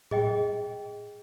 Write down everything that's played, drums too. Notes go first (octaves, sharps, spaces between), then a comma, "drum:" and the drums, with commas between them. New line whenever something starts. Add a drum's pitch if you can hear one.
G#4 D#5 G5, drum: tom A2